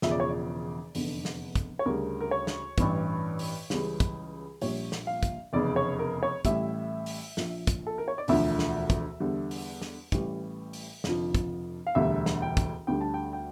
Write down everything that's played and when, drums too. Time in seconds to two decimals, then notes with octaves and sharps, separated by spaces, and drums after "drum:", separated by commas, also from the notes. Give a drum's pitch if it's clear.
0.02 E1 E2 C#3 F3 E5, drum: snare
0.11 D5
0.20 C#5
0.29 D5
0.95 F1 E2 D3, drum: open hi-hat
1.25 drum: snare
1.55 drum: kick, hi-hat
1.79 C#5
1.86 D2 C#3 G3 A#4
2.21 A#4
2.31 C#5
2.47 drum: snare
2.78 A1 G2 E3, drum: kick, hi-hat
3.39 drum: open hi-hat
3.70 C#2 C#3 E3 G3, drum: snare
4.00 drum: kick, hi-hat
4.61 A#1 A#2 G3 C#5, drum: open hi-hat
4.92 drum: snare
5.07 F5
5.23 drum: kick, hi-hat
5.53 F1 E2 C#3 D5
5.76 C#5
5.99 A#4
6.23 C#5
6.45 A1 A2 G3 E5, drum: kick, hi-hat
7.06 drum: open hi-hat
7.37 A#1 A#2 F3, drum: snare
7.67 drum: kick, hi-hat
7.87 A4
7.98 A#4
8.08 C#5
8.18 D5
8.28 E1 D2 D3 F3 E5, drum: open hi-hat
8.59 drum: snare
8.90 drum: kick, hi-hat
9.20 E2 D3 G3
9.51 drum: open hi-hat
9.82 drum: snare
10.12 A1 A2 E3 G3, drum: kick, hi-hat
10.73 drum: open hi-hat
11.04 F1 F2 D3 F3, drum: snare
11.35 drum: kick, hi-hat
11.87 F5
11.95 E1 D2 D3 G3 E5
12.26 drum: snare
12.42 G5
12.57 drum: kick, hi-hat
12.87 D2 D3 G3 G5
13.01 A5
13.14 G5
13.33 G5